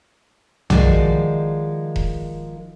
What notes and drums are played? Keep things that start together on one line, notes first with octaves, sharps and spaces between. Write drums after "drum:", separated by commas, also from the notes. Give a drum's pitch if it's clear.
D#3 F3 G#3 F#4 D5, drum: tom
drum: kick E1